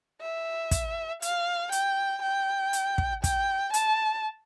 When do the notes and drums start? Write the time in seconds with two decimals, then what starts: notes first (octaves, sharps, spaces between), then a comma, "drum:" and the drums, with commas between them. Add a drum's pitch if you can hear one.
0.22 E5
0.71 drum: kick, hi-hat
1.22 F5, drum: hi-hat
1.72 G5, drum: hi-hat
2.23 G5
2.73 drum: hi-hat
2.98 drum: kick
3.24 G5, drum: kick, hi-hat
3.74 A5, drum: hi-hat